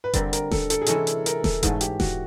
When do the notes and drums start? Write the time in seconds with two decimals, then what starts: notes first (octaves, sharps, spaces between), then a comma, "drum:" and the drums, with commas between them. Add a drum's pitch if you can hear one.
0.04 B4
0.13 D3 G3 C4 A#4, drum: kick F1, hi-hat
0.33 A#4, drum: hi-hat
0.51 A4, drum: snare D#1
0.70 A4, drum: hi-hat
0.82 G#4
0.86 C3 E3 G#3 C#4 E4 A4, drum: hi-hat
1.07 drum: hi-hat
1.26 A#4, drum: hi-hat
1.44 A4, drum: snare D#1
1.63 G#2 E3 A3 C#4 G#4, drum: kick F1, hi-hat
1.81 G4, drum: hi-hat
2.00 F#4, drum: snare D#1